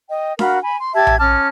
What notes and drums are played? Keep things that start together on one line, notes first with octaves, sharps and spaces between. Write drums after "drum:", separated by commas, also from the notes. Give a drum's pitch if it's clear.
D#5 G5
F#4 A#4 F5 B5, drum: snare D4
G#5 B5
C6
G4 E5 A5 G#6
drum: tom A#1
C#4 A5 D6 F6